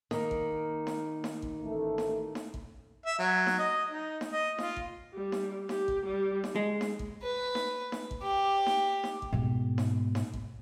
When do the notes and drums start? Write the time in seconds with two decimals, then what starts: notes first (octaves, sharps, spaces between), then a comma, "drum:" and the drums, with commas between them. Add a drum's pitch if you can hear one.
0.11 D#3 A#3, drum: snare D#4
0.31 drum: kick
0.87 drum: snare D#4
1.24 drum: snare D#4
1.42 drum: kick
1.61 A1 A3
1.98 drum: snare D#4
2.35 drum: snare D#4
2.54 drum: kick
3.06 E5
3.19 F#3
3.47 drum: snare D#4
3.59 D#5
3.90 D#4
4.21 drum: snare D#4
4.32 D#5
4.58 F4, drum: snare D#4
4.77 drum: kick
5.14 G3
5.32 drum: snare D#4
5.69 G4, drum: snare D#4
5.88 drum: kick
6.06 G3
6.44 drum: snare D#4
6.56 G#3
6.81 drum: snare D#4
6.99 drum: kick
7.23 B4
7.55 drum: snare D#4
7.92 drum: snare D#4
8.11 drum: kick
8.22 G4
8.66 drum: snare D#4
9.04 drum: snare D#4
9.22 drum: kick
9.33 G#2 B2
9.78 drum: snare D#4
10.15 drum: snare D#4
10.34 drum: kick